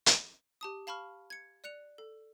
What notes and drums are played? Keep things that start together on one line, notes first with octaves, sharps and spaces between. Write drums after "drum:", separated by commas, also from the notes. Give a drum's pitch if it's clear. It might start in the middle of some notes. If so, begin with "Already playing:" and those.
drum: hi-hat
G4 A5 D#6
F5 A5 B5 C#6 F6
G#6 C#7
D5 F#6 C#7 F7
A4